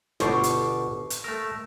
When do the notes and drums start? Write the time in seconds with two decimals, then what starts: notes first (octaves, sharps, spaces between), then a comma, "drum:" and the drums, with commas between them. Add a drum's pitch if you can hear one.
0.20 G1 B2 A4 C5 D5 C#6, drum: snare
0.44 drum: hi-hat
1.10 drum: hi-hat
1.24 A3 A#4 E6